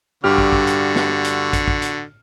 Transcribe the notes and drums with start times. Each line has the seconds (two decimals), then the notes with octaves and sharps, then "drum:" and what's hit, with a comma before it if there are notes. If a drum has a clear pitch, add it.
0.24 G2 D3 F#4 G4 F6
0.38 drum: kick
0.53 drum: kick
0.67 drum: hi-hat
0.96 drum: snare
1.24 drum: hi-hat
1.53 drum: kick, hi-hat
1.68 drum: kick
1.82 drum: hi-hat